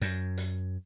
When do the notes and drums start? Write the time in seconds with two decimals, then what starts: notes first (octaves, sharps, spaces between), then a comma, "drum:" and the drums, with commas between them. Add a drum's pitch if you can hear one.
0.01 F#2, drum: hi-hat
0.38 drum: hi-hat